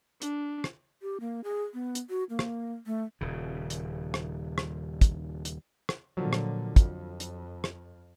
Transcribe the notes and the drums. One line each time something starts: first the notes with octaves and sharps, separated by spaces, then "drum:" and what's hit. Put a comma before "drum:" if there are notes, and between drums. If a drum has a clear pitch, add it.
D4, drum: hi-hat
drum: rim click
G4
A#3
G#4
B3
drum: hi-hat
F#4
A#3
drum: rim click
A3
D#1 C#3
drum: hi-hat
drum: rim click
drum: rim click
drum: kick, hi-hat
drum: hi-hat
drum: rim click
A#2 D3 F3 F#3
drum: rim click
F2, drum: kick, hi-hat
drum: hi-hat
drum: rim click